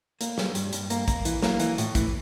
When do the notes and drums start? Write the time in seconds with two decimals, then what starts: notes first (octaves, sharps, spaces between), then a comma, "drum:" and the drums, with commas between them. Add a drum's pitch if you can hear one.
0.21 A#3, drum: hi-hat
0.38 G3, drum: snare
0.55 G2, drum: hi-hat
0.73 G2, drum: hi-hat
0.90 A#3, drum: hi-hat
1.08 A#3, drum: kick, hi-hat
1.25 E3, drum: hi-hat
1.42 A#3, drum: snare
1.60 E3, drum: hi-hat
1.78 A2, drum: hi-hat
1.95 E3, drum: kick, hi-hat